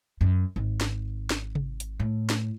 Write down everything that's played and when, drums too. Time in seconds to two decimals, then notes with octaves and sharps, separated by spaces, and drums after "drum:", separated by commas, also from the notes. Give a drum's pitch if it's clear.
0.21 F#2
0.56 G#1
0.81 drum: snare
1.30 drum: snare
1.55 drum: tom C3
1.80 drum: hi-hat
2.00 A2
2.30 drum: snare